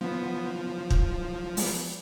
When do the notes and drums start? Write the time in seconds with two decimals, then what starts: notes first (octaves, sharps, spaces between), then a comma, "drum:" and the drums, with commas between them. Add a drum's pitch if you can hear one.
0.01 F3 B3
0.90 drum: kick
1.57 G#3, drum: open hi-hat
1.62 B3